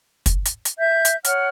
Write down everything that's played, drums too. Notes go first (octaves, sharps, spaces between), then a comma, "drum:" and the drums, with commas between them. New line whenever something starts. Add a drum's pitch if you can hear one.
drum: kick, hi-hat
drum: hi-hat
drum: hi-hat
E5 G6
drum: hi-hat
C#5 F#5 F6, drum: hi-hat